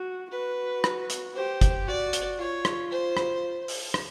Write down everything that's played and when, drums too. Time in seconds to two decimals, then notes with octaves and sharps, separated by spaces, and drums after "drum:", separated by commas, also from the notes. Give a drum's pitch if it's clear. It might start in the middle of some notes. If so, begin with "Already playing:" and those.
Already playing: F#4
0.32 F#4 B4
0.84 drum: rim click
1.10 drum: hi-hat
1.35 G4 C5
1.61 drum: kick G1, hi-hat
1.87 F#4 D5
2.13 drum: hi-hat
2.38 F4 C#5
2.65 drum: rim click
2.91 C5
3.17 drum: rim click
3.68 drum: open hi-hat
3.94 drum: rim click